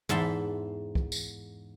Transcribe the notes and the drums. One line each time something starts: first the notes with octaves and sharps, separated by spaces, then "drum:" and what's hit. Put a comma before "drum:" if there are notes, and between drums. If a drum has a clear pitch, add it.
E2 G#2 E5 A5 B5 C6, drum: tom
drum: kick
drum: tambourine